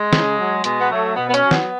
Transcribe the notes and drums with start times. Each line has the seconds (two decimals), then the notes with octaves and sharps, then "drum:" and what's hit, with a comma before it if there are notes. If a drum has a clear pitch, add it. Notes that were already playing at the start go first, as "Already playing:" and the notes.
Already playing: G#3
0.13 C#3, drum: snare
0.38 F#3
0.64 B2 G#3, drum: hi-hat
0.81 B3
0.90 F#3 A3
1.16 B2 B3
1.29 B3
1.34 C#4, drum: hi-hat
1.43 F#3
1.51 B3, drum: snare